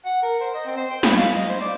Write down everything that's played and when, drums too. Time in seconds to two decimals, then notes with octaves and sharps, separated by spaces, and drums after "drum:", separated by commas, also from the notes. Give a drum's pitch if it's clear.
0.06 F#5
0.23 A#4
0.41 C5
0.54 D#5
0.66 C4
0.77 C5
0.90 G5
1.03 B5, drum: snare
1.17 F5
1.34 D#5
1.49 C5
1.61 D5